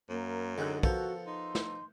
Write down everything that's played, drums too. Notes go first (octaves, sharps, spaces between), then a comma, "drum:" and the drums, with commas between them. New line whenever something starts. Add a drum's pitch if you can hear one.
F#2 A#3
D3 G#3 D#4 A4 G5 F#6
F3 B3 F#4 A4 A#4 G6, drum: kick
D#4 C6
drum: snare